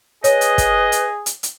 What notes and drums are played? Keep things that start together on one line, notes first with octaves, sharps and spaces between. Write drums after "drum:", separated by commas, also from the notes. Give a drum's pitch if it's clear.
G#4 B4 C#5 D#5, drum: hi-hat
drum: hi-hat
drum: kick, hi-hat
drum: hi-hat
drum: hi-hat
drum: hi-hat